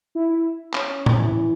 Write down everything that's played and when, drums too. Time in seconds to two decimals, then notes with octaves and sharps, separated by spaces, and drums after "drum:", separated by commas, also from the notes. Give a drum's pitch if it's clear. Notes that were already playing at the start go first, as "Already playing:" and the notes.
0.15 E4
0.74 C#4, drum: clap
1.06 drum: tom A2
1.19 E3